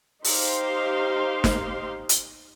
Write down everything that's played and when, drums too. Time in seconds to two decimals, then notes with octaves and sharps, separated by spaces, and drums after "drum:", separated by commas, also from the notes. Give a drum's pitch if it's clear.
0.24 D#4 G4 C5 F5 C6, drum: open hi-hat
1.44 drum: snare
2.09 drum: hi-hat